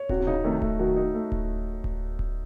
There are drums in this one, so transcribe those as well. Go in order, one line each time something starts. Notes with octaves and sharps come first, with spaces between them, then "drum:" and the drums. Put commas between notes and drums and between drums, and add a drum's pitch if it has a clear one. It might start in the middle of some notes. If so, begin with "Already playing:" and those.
Already playing: C#5
C3 F#4, drum: kick D1
C3
C#3 D#4
C3 D#3 A3
A3, drum: kick D1
D#3 F#3 F#4
D#4
A3
drum: kick D1
drum: kick D1
drum: kick D1